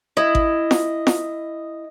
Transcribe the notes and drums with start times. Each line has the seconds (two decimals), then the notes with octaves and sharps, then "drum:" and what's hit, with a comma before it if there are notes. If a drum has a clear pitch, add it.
0.17 E4 D#5
0.35 drum: kick G#1
0.71 drum: snare
1.07 drum: snare